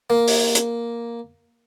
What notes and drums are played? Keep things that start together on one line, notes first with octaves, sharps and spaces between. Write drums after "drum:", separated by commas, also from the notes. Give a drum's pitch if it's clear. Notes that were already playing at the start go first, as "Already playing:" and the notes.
A#3
drum: open hi-hat
drum: hi-hat